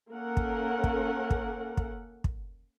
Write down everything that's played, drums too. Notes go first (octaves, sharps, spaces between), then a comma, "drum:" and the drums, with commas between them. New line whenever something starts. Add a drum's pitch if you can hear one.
A#3 C#4 A4 A#4 F#5
drum: kick
drum: kick
drum: kick
drum: kick
drum: kick